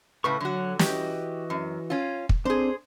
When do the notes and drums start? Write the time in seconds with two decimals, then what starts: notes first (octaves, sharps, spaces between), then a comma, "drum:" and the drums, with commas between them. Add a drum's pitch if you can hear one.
0.24 A2 C#3 B4 C#6
0.41 D3 F#3 F#4
0.79 E3 F#4 G4 D#5, drum: snare
1.50 F#2
1.90 C#4 F4
2.29 drum: kick
2.45 C4 D4 G#4 C5